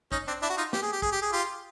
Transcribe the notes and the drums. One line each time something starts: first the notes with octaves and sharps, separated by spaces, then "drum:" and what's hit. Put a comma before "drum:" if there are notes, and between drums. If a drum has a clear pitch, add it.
C#4 D#4, drum: kick
C4 D4
D4 E4
F#4
D#4 F4
G4, drum: snare
G#4
G4
G#4, drum: kick
G4
G#4
F4 G4